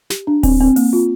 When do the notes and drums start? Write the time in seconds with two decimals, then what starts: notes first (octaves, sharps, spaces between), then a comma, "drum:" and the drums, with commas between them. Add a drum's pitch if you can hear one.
0.10 G4, drum: snare
0.27 D4
0.43 C4, drum: kick D1, open hi-hat
0.60 C4
0.76 A#3, drum: open hi-hat
0.93 F4